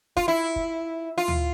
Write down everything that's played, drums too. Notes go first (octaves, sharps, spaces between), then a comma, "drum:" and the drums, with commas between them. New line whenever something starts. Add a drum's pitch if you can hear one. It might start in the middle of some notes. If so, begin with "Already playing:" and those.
F4, drum: kick
E4
drum: kick
F4
drum: tom D2